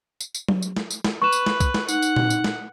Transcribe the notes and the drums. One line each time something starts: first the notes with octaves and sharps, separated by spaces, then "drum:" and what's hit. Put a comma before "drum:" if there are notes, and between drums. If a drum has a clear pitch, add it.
drum: tambourine
drum: tambourine
drum: tom F#3
drum: tambourine
drum: snare
drum: tambourine
drum: snare
B4 C#6 E7
drum: tambourine
drum: snare
drum: kick, tambourine
drum: snare
D#4 F#5, drum: tambourine
drum: tambourine
drum: tom A#2
drum: tambourine
drum: snare